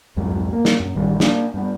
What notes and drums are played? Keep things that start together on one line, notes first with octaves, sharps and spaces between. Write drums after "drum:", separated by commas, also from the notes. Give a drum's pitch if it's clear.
C2 F2 G#2 F#3
A#3
drum: snare
F#2
A1 D#3 G3
A#3 B3 D4, drum: snare
G2 B3